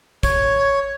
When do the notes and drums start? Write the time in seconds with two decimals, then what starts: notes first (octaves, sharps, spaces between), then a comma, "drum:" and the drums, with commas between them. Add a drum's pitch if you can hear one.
0.23 C#5, drum: kick, tambourine